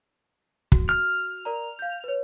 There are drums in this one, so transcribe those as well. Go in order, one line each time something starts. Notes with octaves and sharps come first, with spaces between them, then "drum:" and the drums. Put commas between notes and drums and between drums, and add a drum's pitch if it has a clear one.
F#4, drum: kick
F6
A#4 D5 A#5
F5 G6
B4 C#5